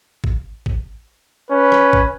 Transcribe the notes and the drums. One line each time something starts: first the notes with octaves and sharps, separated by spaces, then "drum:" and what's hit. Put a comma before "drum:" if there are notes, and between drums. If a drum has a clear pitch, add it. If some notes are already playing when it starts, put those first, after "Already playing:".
drum: kick
drum: kick
C#4 B4
drum: rim click
drum: kick